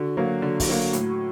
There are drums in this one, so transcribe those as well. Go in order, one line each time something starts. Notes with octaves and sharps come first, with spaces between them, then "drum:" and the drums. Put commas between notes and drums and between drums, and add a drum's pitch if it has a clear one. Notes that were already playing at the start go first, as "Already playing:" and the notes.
Already playing: D3 F#4
F#3 A#3
D3
drum: kick, open hi-hat
F#3 A#3
A2, drum: hi-hat